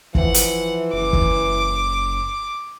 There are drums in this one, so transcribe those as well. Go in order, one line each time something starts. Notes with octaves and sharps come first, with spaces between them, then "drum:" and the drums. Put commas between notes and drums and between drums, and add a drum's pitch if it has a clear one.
E3 F3 F#5, drum: kick
drum: hi-hat
F#1 D6
drum: kick